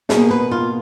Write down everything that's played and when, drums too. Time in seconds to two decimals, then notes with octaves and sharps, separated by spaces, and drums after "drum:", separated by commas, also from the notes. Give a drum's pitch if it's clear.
0.09 B2 A#3 D#4 G#4, drum: snare
0.31 B4
0.51 F4